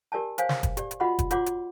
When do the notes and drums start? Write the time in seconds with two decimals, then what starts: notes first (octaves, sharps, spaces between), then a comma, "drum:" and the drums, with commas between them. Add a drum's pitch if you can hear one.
0.12 G4 A#4 D5 G#5 A5
0.38 C5 C#5 F5 G#5, drum: hi-hat
0.49 drum: snare
0.63 drum: kick, hi-hat
0.77 G4 D5, drum: hi-hat
0.91 drum: hi-hat
1.00 F4 F#4 D#5 F#5 B5 C6
1.19 drum: kick, hi-hat
1.31 F4 C#5 F#5 C6 D6, drum: hi-hat
1.46 drum: hi-hat